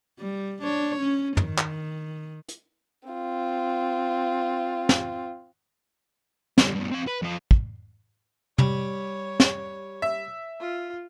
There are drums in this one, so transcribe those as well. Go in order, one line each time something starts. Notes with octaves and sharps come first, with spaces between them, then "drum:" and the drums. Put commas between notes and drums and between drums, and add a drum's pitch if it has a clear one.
G3
D4 C#5
C#4
D#3, drum: tom
drum: clap
drum: hi-hat
C4 F4
drum: snare
G2 D3, drum: snare
G2 B2
C4 F5
B4
F2 F4
drum: kick
G3 C#5, drum: tom
drum: snare
E5
F4